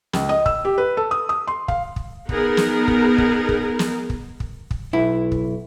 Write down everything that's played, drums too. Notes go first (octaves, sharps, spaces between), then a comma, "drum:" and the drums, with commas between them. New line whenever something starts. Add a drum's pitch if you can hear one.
C#2, drum: snare
D#5
E6, drum: kick
G4
B4
A4
D#6
D#6
C6
F5, drum: kick
drum: kick
B3 D#4 G#4 A#4, drum: kick
drum: snare
drum: kick
drum: kick
drum: kick
drum: snare
drum: kick
drum: kick
drum: kick
B1 E4
drum: kick